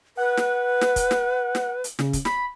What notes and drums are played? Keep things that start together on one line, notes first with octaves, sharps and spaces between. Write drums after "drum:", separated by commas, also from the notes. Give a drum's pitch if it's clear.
B4 F#5
drum: snare
drum: snare
drum: kick, hi-hat
drum: snare
drum: snare
drum: hi-hat
C#3, drum: snare
drum: kick, hi-hat
B5, drum: snare